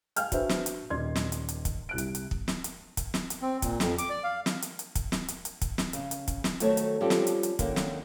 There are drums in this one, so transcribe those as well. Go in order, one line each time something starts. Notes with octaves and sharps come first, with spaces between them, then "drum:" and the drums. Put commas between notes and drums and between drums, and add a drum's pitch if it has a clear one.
F5 G5 G#5 F6 G6, drum: hi-hat
D4 F#4 G#4 B4 C5 E5, drum: kick, hi-hat
drum: snare
drum: hi-hat
D#1 D#3 D5 C6 G#6
drum: snare
drum: hi-hat
drum: hi-hat
drum: kick, hi-hat
C2 F#6 D7
drum: hi-hat
drum: hi-hat
drum: kick
drum: snare
drum: hi-hat
drum: kick, hi-hat
drum: snare
drum: hi-hat
C4
A#2, drum: kick, hi-hat
F2, drum: snare
D6, drum: hi-hat
D5
F5
drum: snare
drum: hi-hat
drum: hi-hat
drum: kick, hi-hat
drum: snare
drum: hi-hat
drum: hi-hat
drum: kick, hi-hat
drum: snare
C#3, drum: hi-hat
drum: hi-hat
drum: kick, hi-hat
drum: snare
D#3 F#3 A3 C4 A4 C#5, drum: hi-hat
drum: hi-hat
F3 G3 C4 C#4 G4 A4
drum: snare
drum: hi-hat
drum: hi-hat
D3 D#3 A#3 C#4, drum: kick, hi-hat
drum: snare